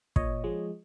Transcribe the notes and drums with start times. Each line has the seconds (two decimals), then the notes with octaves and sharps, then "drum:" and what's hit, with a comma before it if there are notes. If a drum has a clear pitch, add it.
0.16 A#2 C#5 D#5, drum: kick
0.44 F3 G#3